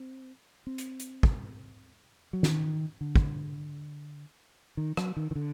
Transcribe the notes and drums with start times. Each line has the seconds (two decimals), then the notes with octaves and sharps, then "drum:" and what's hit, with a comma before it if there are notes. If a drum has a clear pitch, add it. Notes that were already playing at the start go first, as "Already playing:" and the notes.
Already playing: C4
0.67 C4
0.78 drum: hi-hat
1.00 drum: hi-hat
1.23 drum: kick
2.33 F#3
2.43 D#3, drum: snare
3.01 D3
3.16 drum: kick
4.77 D#3
4.97 F#3, drum: rim click
5.17 D#3
5.31 D#3
5.35 D3